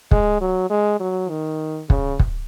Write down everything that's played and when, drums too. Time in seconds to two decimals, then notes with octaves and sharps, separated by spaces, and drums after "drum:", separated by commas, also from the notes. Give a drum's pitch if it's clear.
0.11 G#3, drum: kick
0.41 F#3
0.70 G#3
1.00 F#3
1.30 D#3
1.90 C#3, drum: kick
2.20 drum: kick